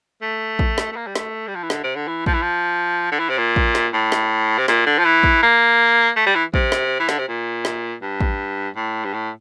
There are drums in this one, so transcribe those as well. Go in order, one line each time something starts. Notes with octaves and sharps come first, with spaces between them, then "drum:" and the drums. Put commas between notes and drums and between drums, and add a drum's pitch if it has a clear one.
A3
drum: kick A1
drum: snare
A3
A#3
G3
A3, drum: snare
G3
F3
E3
D3, drum: snare
C3
D3
E3
F3, drum: kick A1
E3
F3
D3
E3
C3
A#2
drum: kick A1
drum: snare
A2
drum: snare
C3
A#2, drum: snare
D3
F3
E3
drum: kick A1
A#3
A3
G3
E3
C3, drum: kick A1
drum: snare
E3
D3, drum: snare
C3
A#2
drum: snare
G2
drum: kick A1
A2
G2
A2